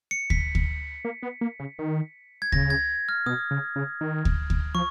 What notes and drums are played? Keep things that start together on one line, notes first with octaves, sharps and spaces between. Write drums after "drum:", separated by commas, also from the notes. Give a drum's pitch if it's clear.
C#7
B6, drum: kick D2
drum: kick D2
A#3
B3
A#3
C#3
D#3
G#6
C#3 A#6, drum: kick D2
G#6
F6
B2 D#6
C#3
C#3
D#3
drum: kick D2
drum: kick D2
F3 C#6